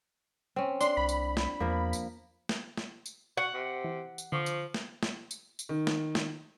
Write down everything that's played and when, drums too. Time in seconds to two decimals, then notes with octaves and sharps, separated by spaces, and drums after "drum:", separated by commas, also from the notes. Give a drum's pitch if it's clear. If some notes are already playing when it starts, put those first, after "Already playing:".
0.56 C4 C#4
0.81 D4 C6, drum: tambourine
0.97 C2 B5
1.09 drum: tambourine
1.37 drum: snare
1.60 E2 F3 A#3
1.93 drum: tambourine
2.49 drum: snare
2.77 drum: snare
3.06 drum: tambourine
3.37 F#4 F#5
3.54 C3
3.84 E3
4.18 drum: tambourine
4.32 D3 F3 C#6 D6
4.46 drum: tambourine
4.74 drum: snare
5.03 drum: snare
5.31 drum: tambourine
5.59 drum: tambourine
5.69 D#3
5.87 drum: snare
6.15 drum: snare